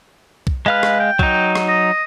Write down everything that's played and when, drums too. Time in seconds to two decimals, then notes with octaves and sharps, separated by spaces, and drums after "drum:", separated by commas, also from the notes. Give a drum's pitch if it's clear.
0.47 drum: kick
0.66 G#3 B4 F5 F6
0.83 drum: rim click
1.00 G5
1.19 F#3 D#4, drum: kick
1.55 drum: rim click
1.69 D#5